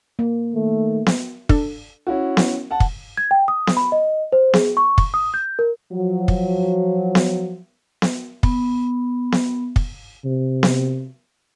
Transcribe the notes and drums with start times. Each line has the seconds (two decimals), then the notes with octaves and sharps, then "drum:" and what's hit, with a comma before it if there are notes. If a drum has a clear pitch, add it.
0.19 A#3
0.53 D#3 A3
1.06 drum: snare B3
1.49 D4 A4, drum: kick
2.07 C#4 E4 F#4
2.37 drum: snare B3
2.71 F#5 A5
2.80 drum: kick
3.17 G#6
3.31 G5
3.48 D#6
3.67 drum: snare B3
3.77 B5
3.92 D#5
4.32 C5
4.54 G#4, drum: snare B3
4.77 C#6
4.98 drum: kick
5.14 D#6
5.34 G6
5.59 A#4
5.92 F3 F#3
6.28 drum: kick
7.15 drum: snare B3
8.02 drum: snare B3
8.43 B3, drum: kick
9.32 drum: snare B3
9.76 drum: kick
10.25 C3
10.63 drum: snare B3